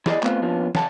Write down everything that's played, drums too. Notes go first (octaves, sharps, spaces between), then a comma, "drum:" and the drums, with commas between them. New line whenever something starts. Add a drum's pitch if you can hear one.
E4 G#4 D5 D#5, drum: snare
A3 B3 C4 F4 B4 C5, drum: clap
F3 A#3 B3 C#4 D4 F4
C#3 F#5 A5, drum: snare